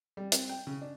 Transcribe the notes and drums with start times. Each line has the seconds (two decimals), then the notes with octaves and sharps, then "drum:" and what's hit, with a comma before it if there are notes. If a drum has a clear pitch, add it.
0.17 G3
0.32 C4, drum: hi-hat
0.49 G5
0.67 C#3
0.82 D4